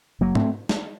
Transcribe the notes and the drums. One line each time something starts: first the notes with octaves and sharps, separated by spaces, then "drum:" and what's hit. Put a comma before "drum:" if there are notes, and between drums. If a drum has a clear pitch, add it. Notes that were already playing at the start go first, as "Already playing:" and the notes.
F#1 F#3 A#3
A3 C4, drum: tom G#2
drum: snare